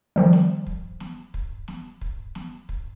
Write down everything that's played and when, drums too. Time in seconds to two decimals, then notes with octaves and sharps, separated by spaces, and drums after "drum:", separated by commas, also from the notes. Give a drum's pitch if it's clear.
0.16 D#3 F3 G3
0.33 drum: snare
0.67 drum: kick
1.00 drum: snare
1.34 drum: kick
1.68 drum: snare
2.01 drum: kick
2.35 drum: snare
2.69 drum: kick